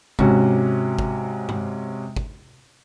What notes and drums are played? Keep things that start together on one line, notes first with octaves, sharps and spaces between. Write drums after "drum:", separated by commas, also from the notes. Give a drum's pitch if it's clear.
G#2 C3 C#4 F#4, drum: kick
drum: kick
drum: tom G2
drum: kick